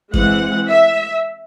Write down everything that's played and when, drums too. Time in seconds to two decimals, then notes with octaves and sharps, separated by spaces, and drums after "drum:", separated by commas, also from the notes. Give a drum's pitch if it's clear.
0.14 E3 G#3 C4 F#5, drum: kick F#2
0.69 E5